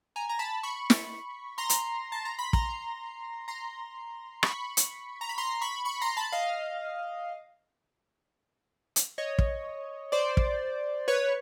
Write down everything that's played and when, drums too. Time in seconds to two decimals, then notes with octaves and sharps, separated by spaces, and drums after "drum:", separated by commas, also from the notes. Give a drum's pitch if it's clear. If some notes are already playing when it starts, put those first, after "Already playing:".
0.16 G#5 A#5
0.29 A#5
0.39 A5 B5
0.63 B5 C#6
0.90 drum: snare
1.58 A#5 C6
1.69 drum: hi-hat
2.12 A5
2.25 A#5
2.39 B5
2.53 A#5 C6, drum: kick
3.48 A#5 C6
4.43 B5 C#6, drum: rim click
4.77 drum: hi-hat
5.21 A#5
5.29 B5
5.38 A#5 C6
5.61 B5 C#6
5.85 B5 C#6
6.02 A#5 C6
6.17 A5 B5
6.32 D#5 F5
8.96 drum: hi-hat
9.18 C#5 D#5
9.39 drum: kick
10.12 C5 D5
10.37 drum: kick
11.08 B4 C#5